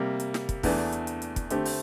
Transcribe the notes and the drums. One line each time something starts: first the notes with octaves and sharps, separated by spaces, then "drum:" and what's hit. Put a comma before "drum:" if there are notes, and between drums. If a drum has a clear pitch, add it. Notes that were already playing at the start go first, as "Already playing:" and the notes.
Already playing: C3 G3 A#3
drum: hi-hat
drum: snare
drum: kick, hi-hat
E2 E3 A3 D4, drum: kick, open hi-hat
drum: hi-hat
drum: hi-hat
drum: hi-hat
drum: kick, hi-hat
D3 A3 C4 G4, drum: hi-hat
drum: open hi-hat